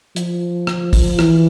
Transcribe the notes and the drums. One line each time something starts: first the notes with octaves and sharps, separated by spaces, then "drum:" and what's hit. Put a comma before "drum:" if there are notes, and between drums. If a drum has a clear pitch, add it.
F3, drum: hi-hat
drum: rim click
drum: kick, open hi-hat
E3, drum: rim click